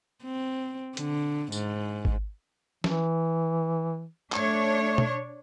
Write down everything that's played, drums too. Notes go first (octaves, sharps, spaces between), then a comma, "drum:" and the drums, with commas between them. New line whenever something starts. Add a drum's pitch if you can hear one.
C4
D3, drum: hi-hat
G#2, drum: tambourine
drum: kick G#1
E3, drum: snare
A3 D4 C#5, drum: clap
drum: tom B2